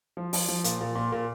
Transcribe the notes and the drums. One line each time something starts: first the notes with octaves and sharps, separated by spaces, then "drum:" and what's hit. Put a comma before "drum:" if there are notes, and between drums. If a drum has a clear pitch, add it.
F3
F3, drum: open hi-hat
F3
A#2, drum: hi-hat
A#2
A#2
A#2